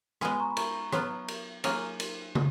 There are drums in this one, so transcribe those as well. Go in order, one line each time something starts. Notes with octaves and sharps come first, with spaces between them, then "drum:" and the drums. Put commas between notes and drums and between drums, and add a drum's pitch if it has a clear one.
G#3 B3 F4 G#4 G#5 B5, drum: rim click
A#5 C#6
B5
A#5 C#6, drum: cymbal
F#3 B3 F4, drum: rim click
drum: cymbal
F#3 A#3 F4 G#4 A#5 C#6, drum: cymbal
drum: cymbal
drum: tom